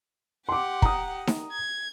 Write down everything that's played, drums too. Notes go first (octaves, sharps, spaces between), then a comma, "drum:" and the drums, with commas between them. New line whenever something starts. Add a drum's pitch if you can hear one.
G4 F#5 C6 D6
A#5 D#6, drum: kick
drum: snare D#4
G#6